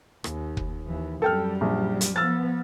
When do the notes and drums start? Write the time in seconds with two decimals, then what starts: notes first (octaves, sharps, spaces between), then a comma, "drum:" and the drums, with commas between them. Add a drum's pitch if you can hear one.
0.24 D#2, drum: rim click
0.57 drum: kick
0.86 D#2 E3
1.22 F#2 G3 A4 G5 F6
1.61 A#1
2.01 drum: hi-hat
2.16 F3 B3 E6 F6 A6